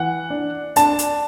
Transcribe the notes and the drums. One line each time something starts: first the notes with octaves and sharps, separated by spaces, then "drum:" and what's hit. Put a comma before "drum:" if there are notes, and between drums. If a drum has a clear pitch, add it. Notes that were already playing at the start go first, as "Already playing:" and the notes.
Already playing: E3 F#5
D4
D4 A5, drum: hi-hat
drum: hi-hat